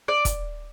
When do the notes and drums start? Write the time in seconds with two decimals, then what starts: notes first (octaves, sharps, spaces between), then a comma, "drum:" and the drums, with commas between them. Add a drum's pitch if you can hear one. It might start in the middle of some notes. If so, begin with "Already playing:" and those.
0.08 D5
0.25 drum: kick, hi-hat